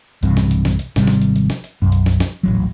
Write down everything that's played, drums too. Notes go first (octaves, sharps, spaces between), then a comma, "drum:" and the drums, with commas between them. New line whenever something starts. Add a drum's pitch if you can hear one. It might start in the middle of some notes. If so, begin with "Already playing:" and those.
B1 E2 G2 C3, drum: hi-hat
drum: snare
drum: hi-hat
drum: snare
drum: hi-hat
G#1 C3 G3, drum: snare
drum: snare
drum: hi-hat
drum: hi-hat
drum: snare
drum: hi-hat
B1 F#2
drum: hi-hat
drum: snare
drum: snare
D#1 A1 F#3